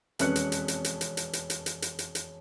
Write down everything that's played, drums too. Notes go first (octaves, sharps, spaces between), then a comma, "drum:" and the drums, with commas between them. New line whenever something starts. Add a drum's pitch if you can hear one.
E1 F2 C#4 B4 F#6 C#7, drum: hi-hat
drum: hi-hat
drum: hi-hat
drum: hi-hat
drum: hi-hat
drum: hi-hat
drum: hi-hat
drum: hi-hat
drum: hi-hat
drum: hi-hat
drum: hi-hat
drum: hi-hat
drum: hi-hat